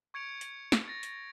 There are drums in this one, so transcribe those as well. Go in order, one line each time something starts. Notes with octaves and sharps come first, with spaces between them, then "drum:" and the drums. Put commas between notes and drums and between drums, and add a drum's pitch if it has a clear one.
C#6 G#6 C#7 D7 F7
drum: hi-hat
drum: snare
A6 A#6
drum: hi-hat